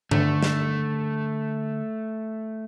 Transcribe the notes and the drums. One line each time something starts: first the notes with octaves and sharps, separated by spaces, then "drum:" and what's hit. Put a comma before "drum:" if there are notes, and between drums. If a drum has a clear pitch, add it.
D3 A3, drum: tom G2
drum: snare